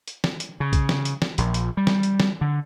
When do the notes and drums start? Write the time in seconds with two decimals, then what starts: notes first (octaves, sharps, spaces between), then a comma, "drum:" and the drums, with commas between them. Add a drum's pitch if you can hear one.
0.08 drum: hi-hat
0.24 drum: snare
0.40 drum: hi-hat
0.60 C#3
0.73 drum: kick, hi-hat
0.89 drum: snare
1.05 drum: hi-hat
1.22 drum: snare
1.38 A#1, drum: hi-hat
1.54 drum: hi-hat
1.77 G3
1.87 drum: snare
2.03 drum: hi-hat
2.20 drum: snare
2.41 D3